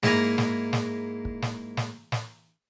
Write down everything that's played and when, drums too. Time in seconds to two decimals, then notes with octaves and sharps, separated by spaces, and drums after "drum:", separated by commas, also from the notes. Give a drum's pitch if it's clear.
0.03 G#2 A#3 E4 G#5 A#5, drum: snare
0.38 drum: snare
0.73 drum: snare
1.25 drum: kick
1.42 drum: snare
1.77 drum: snare
2.12 drum: snare